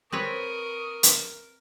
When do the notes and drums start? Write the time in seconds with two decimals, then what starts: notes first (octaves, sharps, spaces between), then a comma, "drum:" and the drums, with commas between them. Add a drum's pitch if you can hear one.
0.12 C4 A#4 B4 C#5 C#6 D#6
1.03 drum: hi-hat